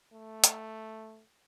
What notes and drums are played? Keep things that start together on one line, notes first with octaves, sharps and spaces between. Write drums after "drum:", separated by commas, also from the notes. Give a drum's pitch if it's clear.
A3
drum: hi-hat